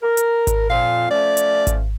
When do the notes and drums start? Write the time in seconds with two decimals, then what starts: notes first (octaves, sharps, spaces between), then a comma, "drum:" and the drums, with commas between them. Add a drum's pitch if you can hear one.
0.02 A#4
0.17 drum: hi-hat
0.47 drum: kick G#1, hi-hat
0.70 F2 A#2 F5
1.10 F3 A3 C#4 D5
1.37 drum: hi-hat
1.67 drum: kick G#1, hi-hat